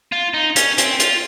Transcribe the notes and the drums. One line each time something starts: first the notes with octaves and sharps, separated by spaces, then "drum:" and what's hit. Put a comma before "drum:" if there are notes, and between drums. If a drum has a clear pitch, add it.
F4
D#4
C#4, drum: hi-hat
C4, drum: hi-hat
F4, drum: hi-hat